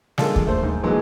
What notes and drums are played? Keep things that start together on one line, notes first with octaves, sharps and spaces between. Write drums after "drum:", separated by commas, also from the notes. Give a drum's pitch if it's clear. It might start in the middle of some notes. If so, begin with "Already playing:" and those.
G#3 A#3 D4 F4 A4, drum: snare
drum: kick D#2
A3 C5
G#2
A#2 D3 E3 F#3 G#3